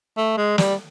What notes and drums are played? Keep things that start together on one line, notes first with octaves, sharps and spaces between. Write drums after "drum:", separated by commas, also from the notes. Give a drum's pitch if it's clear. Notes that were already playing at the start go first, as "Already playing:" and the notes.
A3
G#3
G3, drum: snare